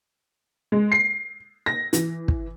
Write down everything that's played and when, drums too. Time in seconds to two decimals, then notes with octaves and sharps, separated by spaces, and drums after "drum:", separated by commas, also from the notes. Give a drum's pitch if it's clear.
0.72 G#3
0.92 C7
1.66 A#6
1.93 E3, drum: hi-hat
2.28 drum: kick